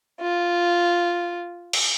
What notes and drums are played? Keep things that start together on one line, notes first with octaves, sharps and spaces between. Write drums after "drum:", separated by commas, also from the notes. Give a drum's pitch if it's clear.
F4
drum: cymbal